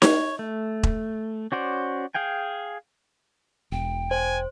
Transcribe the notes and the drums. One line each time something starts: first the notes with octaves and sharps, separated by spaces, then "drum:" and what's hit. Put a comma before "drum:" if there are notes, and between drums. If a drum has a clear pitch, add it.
C#5, drum: snare D#4
A3
drum: kick E1
C#4 F#4 C5 D5
G#4 F5 G5 G#5
E1 G5
C5 G#5